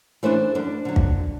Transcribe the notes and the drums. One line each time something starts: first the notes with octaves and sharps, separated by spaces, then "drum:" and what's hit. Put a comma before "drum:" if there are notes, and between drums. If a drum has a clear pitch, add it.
E3 A3 D4 A4 C5
F#2 D4
D3 F#3
drum: kick